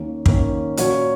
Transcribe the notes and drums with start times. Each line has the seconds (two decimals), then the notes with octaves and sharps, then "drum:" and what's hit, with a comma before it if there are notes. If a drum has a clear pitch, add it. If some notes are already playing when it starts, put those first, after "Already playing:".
Already playing: D#2 D#3 A#3 C#4
0.26 D#2 D#3 A#3 C#4, drum: kick
0.77 A#2 F#3 C#4 F#4 C#5, drum: hi-hat